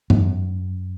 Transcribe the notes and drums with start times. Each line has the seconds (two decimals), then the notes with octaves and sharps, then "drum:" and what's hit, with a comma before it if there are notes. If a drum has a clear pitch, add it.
0.10 F#2, drum: tom G2